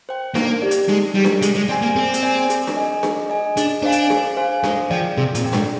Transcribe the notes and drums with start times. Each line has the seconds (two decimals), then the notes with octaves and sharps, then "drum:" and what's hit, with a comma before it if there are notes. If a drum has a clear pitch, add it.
0.09 C5 G5
0.35 A#3 D#4, drum: snare D4
0.62 G4 D5
0.71 drum: hi-hat
0.89 G#3 D#4
1.15 G3 G4 D5
1.25 drum: snare D4
1.42 G#3 G#4, drum: hi-hat
1.56 G#3
1.69 C4 D5 G#5
1.82 A#3
1.96 C4 G#4
2.14 drum: hi-hat
2.23 D5 G#5
2.50 G#4, drum: hi-hat
2.67 drum: snare D4
2.76 D#5 G#5
3.03 G#4, drum: snare D4
3.30 D#5 G#5
3.57 D4 G#4, drum: hi-hat
3.83 D4 C5 F5 G#5
3.92 drum: hi-hat
4.10 G#4, drum: snare D4
4.37 C5 F5 G#5
4.64 G#3 G#4, drum: snare D4
4.91 F3 D5 G5
5.18 C3 G#4
5.35 A#2, drum: hi-hat
5.44 D5 G5
5.53 G#2, drum: snare D4